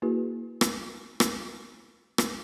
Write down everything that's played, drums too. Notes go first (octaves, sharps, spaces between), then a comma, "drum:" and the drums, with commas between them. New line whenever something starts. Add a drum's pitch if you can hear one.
A#3 E4 F#4 G#4 B4
drum: rim click
drum: rim click
drum: rim click